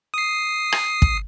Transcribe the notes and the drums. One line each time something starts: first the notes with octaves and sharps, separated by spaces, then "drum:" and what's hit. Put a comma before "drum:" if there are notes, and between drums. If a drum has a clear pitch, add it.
D#6 C7
drum: rim click
drum: kick